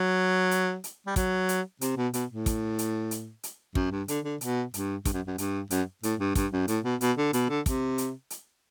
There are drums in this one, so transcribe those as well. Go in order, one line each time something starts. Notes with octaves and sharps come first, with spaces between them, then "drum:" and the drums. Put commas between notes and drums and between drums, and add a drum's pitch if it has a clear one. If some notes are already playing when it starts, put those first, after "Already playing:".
Already playing: F#3
drum: hi-hat
drum: hi-hat
G3
F#3, drum: kick, hi-hat
drum: hi-hat
C3, drum: hi-hat
B2
B2, drum: hi-hat
A2
drum: kick, hi-hat
drum: hi-hat
drum: hi-hat
drum: hi-hat
F#2, drum: kick
G2
D3, drum: hi-hat
D3
B2, drum: hi-hat
G2, drum: hi-hat
G2, drum: kick, hi-hat
F#2
F#2
G2, drum: hi-hat
F#2, drum: hi-hat
A2, drum: hi-hat
G2
G2, drum: kick, hi-hat
F#2
A2, drum: hi-hat
B2
B2, drum: hi-hat
D3
B2, drum: hi-hat
D3
C3, drum: kick, hi-hat
drum: hi-hat
drum: hi-hat